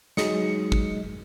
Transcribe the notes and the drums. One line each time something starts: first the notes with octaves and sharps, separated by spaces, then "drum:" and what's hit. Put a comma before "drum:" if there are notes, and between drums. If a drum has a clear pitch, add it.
F#3 G#3 D#4 D#5 C#7, drum: snare
drum: kick